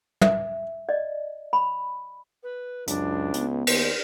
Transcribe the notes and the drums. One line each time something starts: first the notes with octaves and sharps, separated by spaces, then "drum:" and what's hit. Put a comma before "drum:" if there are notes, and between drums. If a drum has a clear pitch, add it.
E5, drum: tom
D5 D#5
B5
B4
C#2 F#2 D4, drum: hi-hat
B3, drum: hi-hat
D#2 C5, drum: cymbal